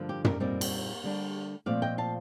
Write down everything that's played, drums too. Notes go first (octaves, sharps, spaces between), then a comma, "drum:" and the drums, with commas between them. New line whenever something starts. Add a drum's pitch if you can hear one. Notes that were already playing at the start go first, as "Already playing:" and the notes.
Already playing: G2 D3 F3 A#3
G4
G4 A#4, drum: tom
A#2 G3 C4 D#4 A#4 D5
drum: cymbal
D3 G3 D4
A#2 F3 A3 C4 D5 F5
D#5 G5
F5 A5